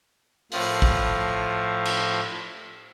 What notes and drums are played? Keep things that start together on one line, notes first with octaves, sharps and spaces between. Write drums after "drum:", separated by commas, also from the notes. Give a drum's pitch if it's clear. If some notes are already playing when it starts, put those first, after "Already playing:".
A2 F3, drum: open hi-hat
drum: kick
drum: cymbal